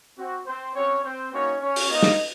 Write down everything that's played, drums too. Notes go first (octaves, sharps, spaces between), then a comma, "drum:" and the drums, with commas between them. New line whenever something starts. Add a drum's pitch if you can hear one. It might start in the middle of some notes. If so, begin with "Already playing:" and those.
C4 F#4
C4 C5
C4 C#4 F#4 C#5
C4 C5
A#3 C#4 D#4 F#4 C#5
C#4 C#5
drum: open hi-hat
A#3 D#4 F4 D#5
drum: snare